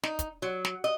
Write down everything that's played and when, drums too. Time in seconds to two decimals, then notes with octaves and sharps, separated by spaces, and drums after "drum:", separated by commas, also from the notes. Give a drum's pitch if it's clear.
0.03 D#4, drum: snare
0.19 drum: kick, hi-hat
0.42 F#3
0.65 drum: snare
0.84 D#5